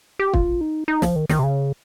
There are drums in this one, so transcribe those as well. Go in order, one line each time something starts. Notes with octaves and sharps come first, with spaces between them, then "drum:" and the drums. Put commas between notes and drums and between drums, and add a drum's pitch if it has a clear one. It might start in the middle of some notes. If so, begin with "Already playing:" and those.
G4
F4, drum: kick
D#4
D#4
F3, drum: snare
D#3
D#3, drum: snare
C3
C#3